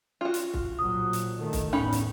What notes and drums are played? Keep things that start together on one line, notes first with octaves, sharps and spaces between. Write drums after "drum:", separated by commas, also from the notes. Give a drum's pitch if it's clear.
F4 F#4
drum: hi-hat
drum: kick
A#1 F#3 D#6
drum: hi-hat
D#3 A3
drum: kick, hi-hat
E2 A2 C#4 D#4 B5
drum: hi-hat